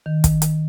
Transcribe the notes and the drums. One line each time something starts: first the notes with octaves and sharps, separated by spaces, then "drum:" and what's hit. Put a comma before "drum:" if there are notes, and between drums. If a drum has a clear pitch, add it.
D#3
drum: kick, hi-hat
drum: hi-hat